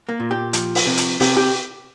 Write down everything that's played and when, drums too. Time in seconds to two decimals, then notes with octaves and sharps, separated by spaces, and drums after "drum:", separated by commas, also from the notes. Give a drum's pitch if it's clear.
0.09 A#3
0.20 A#2
0.31 G4
0.53 F3, drum: hi-hat
0.75 drum: open hi-hat
0.86 C3
0.98 drum: hi-hat
1.20 C3 G4, drum: open hi-hat
1.37 G4